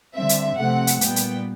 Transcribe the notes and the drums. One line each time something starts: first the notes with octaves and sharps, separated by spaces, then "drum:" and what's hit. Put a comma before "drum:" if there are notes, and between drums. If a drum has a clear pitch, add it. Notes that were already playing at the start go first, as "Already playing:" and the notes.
D3 G3 C4 E5
drum: hi-hat
C3 F3 A3 C4 F#5
drum: hi-hat
A#2 G3 B3 G5, drum: hi-hat
drum: hi-hat